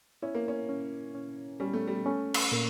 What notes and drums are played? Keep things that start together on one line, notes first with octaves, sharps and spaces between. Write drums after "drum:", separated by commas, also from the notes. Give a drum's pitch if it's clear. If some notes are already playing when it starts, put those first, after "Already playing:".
C#4 E4
A#3
C#4
C#4
C#4
G3 C#4
A3
G3
A3 C#4
drum: cymbal
A#2 A#3